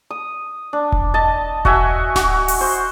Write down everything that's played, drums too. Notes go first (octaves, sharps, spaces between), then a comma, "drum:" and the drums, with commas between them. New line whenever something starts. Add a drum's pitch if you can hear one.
D#6
D4
drum: kick E1
D#5 A5
F#4 D#5 E5 G#5, drum: kick E1
F#4, drum: snare D1
drum: open hi-hat
C5